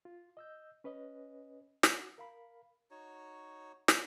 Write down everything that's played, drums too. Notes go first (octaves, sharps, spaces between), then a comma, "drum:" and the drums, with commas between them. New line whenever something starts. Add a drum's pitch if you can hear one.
F4
D#5 E6 G6
C#4 B4 C#5 D#5
F#4, drum: snare
A#4 F5 B5
D#4 F#4 C#5
drum: snare